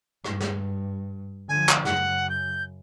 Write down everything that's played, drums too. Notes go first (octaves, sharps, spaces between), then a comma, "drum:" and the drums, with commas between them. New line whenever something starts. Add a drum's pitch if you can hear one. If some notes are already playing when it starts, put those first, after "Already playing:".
G2, drum: rim click
drum: snare
D3 F3 G#5
drum: clap
F#2 C#3 F#5, drum: snare
G6